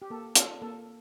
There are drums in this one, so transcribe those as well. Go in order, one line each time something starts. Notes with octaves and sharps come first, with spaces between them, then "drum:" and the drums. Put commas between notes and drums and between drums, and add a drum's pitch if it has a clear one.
G4
A#3 A4
F4 A4, drum: hi-hat
A#3 A4